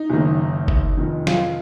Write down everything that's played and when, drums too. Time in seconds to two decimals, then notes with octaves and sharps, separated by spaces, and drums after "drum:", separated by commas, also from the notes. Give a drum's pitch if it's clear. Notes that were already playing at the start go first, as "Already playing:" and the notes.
Already playing: D#4
0.10 F#1 F#2 D#3
0.68 drum: kick F#1
0.97 F1 F2 D#3
1.27 F4, drum: snare